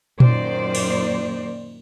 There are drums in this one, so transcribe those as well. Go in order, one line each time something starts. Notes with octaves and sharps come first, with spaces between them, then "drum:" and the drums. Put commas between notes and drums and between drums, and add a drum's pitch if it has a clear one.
F#2 A#2 D#3 C5 D5, drum: tom A#2
drum: cymbal